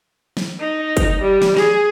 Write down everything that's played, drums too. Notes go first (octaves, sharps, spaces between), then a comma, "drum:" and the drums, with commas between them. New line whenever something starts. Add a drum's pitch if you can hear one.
drum: snare
D#4
drum: kick, hi-hat
G3
drum: snare
G#4, drum: snare